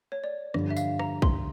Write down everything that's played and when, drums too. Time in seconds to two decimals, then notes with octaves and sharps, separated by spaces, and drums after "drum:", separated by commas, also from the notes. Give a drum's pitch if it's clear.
0.12 C#5
0.24 D5
0.54 G2 D3 F3, drum: rim click
0.70 E5
0.77 F5, drum: tambourine
0.99 A#5, drum: rim click
1.22 C6, drum: kick